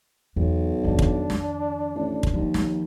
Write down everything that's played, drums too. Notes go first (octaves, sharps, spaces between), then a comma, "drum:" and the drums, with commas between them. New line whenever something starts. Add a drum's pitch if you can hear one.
B1 E2
F2 D#3 D4
drum: kick
drum: snare
A1
drum: kick
D#2 F3
drum: snare